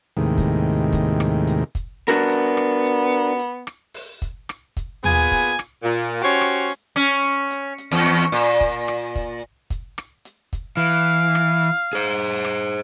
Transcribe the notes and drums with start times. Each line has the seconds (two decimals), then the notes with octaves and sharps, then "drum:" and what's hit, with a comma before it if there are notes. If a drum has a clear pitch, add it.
0.17 D#2 A2 C3 D#3 G#3
0.38 drum: kick, hi-hat
0.93 drum: kick, hi-hat
1.20 drum: rim click
1.47 drum: hi-hat
1.75 drum: kick, hi-hat
2.08 B3 D4 F#4 A#4
2.30 drum: hi-hat
2.57 drum: rim click
2.85 drum: hi-hat
3.12 drum: hi-hat
3.39 drum: hi-hat
3.67 drum: rim click
3.94 drum: open hi-hat
4.22 drum: kick, hi-hat
4.49 drum: rim click
4.77 drum: kick, hi-hat
5.04 A#2 B3 G#4 G#5, drum: tom D#2
5.31 drum: kick, hi-hat
5.59 drum: rim click
5.83 A#2
6.22 C#4 F#4 G4 C5 C#5
6.41 drum: rim click
6.69 drum: hi-hat
6.96 C#4, drum: rim click
7.23 drum: hi-hat
7.51 drum: hi-hat
7.78 drum: hi-hat
7.91 E2
8.06 drum: rim click
8.32 A#2, drum: open hi-hat
8.61 drum: kick, hi-hat
8.88 drum: rim click
9.15 drum: kick, hi-hat
9.70 drum: kick, hi-hat
9.98 drum: rim click
10.25 drum: hi-hat
10.53 drum: kick, hi-hat
10.77 E3 F5
11.35 drum: rim click
11.62 drum: hi-hat
11.93 G#4 C5
12.17 drum: hi-hat
12.45 drum: rim click